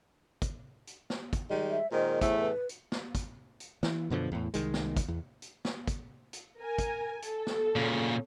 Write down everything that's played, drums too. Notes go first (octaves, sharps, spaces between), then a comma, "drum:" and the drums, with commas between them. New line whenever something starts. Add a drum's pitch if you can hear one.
drum: kick, hi-hat
drum: hi-hat
drum: snare
drum: kick, hi-hat
D#3 G3 G#3
E5
A#2 D#3 G#3 C5
E2 A2 A3, drum: kick, hi-hat
B4
drum: hi-hat
drum: snare
drum: kick, hi-hat
drum: hi-hat
E3, drum: snare
F#2 B2 D3 F3
E2 A2
C2 D#3 G#3, drum: hi-hat
drum: snare
drum: kick, hi-hat
E2
drum: hi-hat
drum: snare
drum: kick, hi-hat
drum: hi-hat
A#4 G#5
drum: kick, hi-hat
A4, drum: hi-hat
drum: snare
A#2 C#3